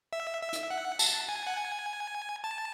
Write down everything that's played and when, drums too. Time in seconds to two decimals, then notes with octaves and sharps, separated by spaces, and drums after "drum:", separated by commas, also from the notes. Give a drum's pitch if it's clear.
0.13 E5
0.42 E5
0.53 drum: hi-hat
0.70 F#5
0.99 A5, drum: tambourine
1.29 G#5
1.47 F#5
1.57 G#5
2.44 A5